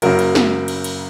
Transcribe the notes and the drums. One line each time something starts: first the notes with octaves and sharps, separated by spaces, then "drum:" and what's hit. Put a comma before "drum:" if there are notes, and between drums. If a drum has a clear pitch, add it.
F#1 F#2 C#3 F#3 F#4 A#4, drum: cymbal
drum: cymbal
drum: snare
drum: cymbal
drum: cymbal